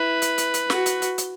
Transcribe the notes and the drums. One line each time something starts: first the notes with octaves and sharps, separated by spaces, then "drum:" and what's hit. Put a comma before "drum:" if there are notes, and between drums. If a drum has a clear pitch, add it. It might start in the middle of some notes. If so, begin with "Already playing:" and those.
Already playing: E4 B4
drum: hi-hat
drum: hi-hat
drum: hi-hat
F#4, drum: snare
drum: hi-hat
drum: hi-hat
drum: hi-hat